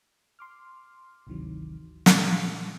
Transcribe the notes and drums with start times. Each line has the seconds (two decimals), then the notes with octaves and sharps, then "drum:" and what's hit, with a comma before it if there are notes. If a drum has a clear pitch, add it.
0.39 C6 D6 F6
1.27 G#1 D2 C3 D#3 E3 F#3
2.06 A#2 D3 F3 G3 A3 B3, drum: snare